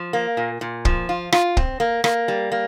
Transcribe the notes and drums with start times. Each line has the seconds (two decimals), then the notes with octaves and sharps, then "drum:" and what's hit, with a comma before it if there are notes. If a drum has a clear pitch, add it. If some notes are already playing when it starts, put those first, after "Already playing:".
Already playing: F3
0.13 A#3
0.37 A#2
0.61 A#2
0.85 F3, drum: kick
1.09 F4
1.32 F4, drum: rim click
1.57 C4, drum: kick
1.80 A#3
2.04 A#3, drum: rim click
2.28 G3
2.52 A#3